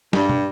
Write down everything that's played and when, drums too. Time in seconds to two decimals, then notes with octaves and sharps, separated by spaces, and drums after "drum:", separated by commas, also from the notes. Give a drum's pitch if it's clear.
0.13 G2, drum: snare
0.29 drum: tom